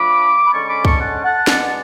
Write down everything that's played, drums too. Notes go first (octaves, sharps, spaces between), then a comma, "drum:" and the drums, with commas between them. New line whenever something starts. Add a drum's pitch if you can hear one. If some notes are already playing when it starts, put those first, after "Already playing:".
Already playing: F3 A3 D4 B5 D6
B5
D3 G#3 C#4 A5 C#6
B5 D6
A5 C#6, drum: kick
F#5 A5
F#5 A5
B2 G#3 D4 F#5 A5, drum: snare
A5